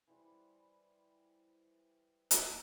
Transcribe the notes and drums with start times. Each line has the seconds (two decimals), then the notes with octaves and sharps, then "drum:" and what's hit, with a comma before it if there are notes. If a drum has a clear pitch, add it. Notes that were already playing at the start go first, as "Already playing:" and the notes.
0.08 E3 G3 C5
2.31 drum: hi-hat